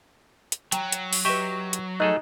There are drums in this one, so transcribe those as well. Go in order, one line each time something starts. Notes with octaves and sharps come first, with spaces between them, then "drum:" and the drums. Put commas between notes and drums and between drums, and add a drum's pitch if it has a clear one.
drum: hi-hat
F#3 G5 A#5, drum: hi-hat
drum: hi-hat
drum: open hi-hat
G4 B4 D#5 E5 C#6
drum: hi-hat
A3 D#4 G#4 A4 F#6